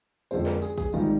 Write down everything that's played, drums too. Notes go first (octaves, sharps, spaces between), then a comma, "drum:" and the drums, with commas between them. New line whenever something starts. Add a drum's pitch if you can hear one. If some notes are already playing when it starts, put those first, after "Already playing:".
F2 D3 F3 G#3 C5, drum: tambourine
A#4, drum: clap
G#4, drum: tambourine
G#4, drum: kick, tambourine
G#1 G#2 D#3 G3 F4, drum: tambourine